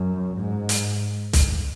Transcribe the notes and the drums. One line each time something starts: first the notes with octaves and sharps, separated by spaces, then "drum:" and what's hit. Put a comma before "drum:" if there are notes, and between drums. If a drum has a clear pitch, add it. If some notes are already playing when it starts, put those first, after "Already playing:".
Already playing: F#2
G#2
drum: hi-hat
drum: kick, hi-hat